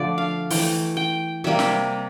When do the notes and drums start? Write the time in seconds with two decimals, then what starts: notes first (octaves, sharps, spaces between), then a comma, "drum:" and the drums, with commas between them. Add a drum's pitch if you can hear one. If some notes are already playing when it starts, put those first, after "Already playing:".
Already playing: D3 F3 A3 D5
0.18 F5
0.50 E3 A3 G5, drum: open hi-hat
0.97 G5
1.44 C3 G3 A#3 E5
1.59 drum: snare